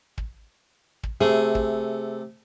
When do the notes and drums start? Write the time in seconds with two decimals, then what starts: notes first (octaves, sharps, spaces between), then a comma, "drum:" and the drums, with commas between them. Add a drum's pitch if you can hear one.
0.18 drum: kick
1.03 drum: kick
1.21 C3 A3 G#4
1.55 drum: kick